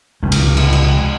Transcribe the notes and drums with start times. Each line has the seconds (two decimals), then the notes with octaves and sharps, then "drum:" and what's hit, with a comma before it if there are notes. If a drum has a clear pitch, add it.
0.23 F1 C#2 G#3
0.32 drum: cymbal
0.57 drum: cymbal
0.73 drum: cymbal